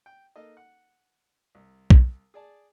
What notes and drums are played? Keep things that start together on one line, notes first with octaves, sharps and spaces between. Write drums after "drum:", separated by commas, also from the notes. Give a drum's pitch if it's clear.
G5
A#3 D#4 A4 D#5
F#5
C2
drum: kick B1
G#4 D5 A5